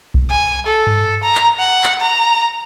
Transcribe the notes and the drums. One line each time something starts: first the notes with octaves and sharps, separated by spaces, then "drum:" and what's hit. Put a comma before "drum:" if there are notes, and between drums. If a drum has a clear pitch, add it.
drum: kick B1
G#5
A4
drum: tom G2
A#5
drum: clap
F#5
drum: clap
A#5